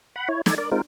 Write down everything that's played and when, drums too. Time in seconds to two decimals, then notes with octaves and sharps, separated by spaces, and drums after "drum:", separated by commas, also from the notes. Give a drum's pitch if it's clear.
0.16 F#5 B5
0.29 E4 C#5
0.46 D#4 A4 D5 G#5, drum: snare
0.58 A#4 D5
0.72 G#3 C4 D#4 F4 A#4